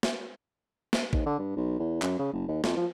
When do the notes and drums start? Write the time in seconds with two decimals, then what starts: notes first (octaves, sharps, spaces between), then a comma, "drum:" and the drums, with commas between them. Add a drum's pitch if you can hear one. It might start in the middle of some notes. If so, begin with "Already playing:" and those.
0.03 drum: snare
0.93 drum: snare
1.13 D#2, drum: kick A1
1.26 D3
1.39 G2
1.56 B1
1.79 E2
2.02 F#2, drum: clap
2.19 C#3
2.33 F#1
2.48 D#2
2.64 F2, drum: snare
2.77 F3